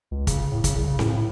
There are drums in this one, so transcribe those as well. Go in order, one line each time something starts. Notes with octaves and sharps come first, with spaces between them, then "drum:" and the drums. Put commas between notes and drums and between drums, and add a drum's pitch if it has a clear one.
C#2
C#3, drum: kick, hi-hat
A2
C#3, drum: kick, hi-hat
C2
C#3
A2, drum: snare C4
A2